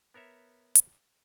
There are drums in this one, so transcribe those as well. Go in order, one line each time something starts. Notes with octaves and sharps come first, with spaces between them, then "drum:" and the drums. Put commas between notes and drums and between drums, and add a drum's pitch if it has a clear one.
B3 A#4 C#5 E5
drum: hi-hat